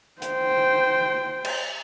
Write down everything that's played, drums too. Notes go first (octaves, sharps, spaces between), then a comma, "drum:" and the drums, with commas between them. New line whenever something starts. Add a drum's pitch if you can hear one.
C5 G5, drum: hi-hat
drum: cymbal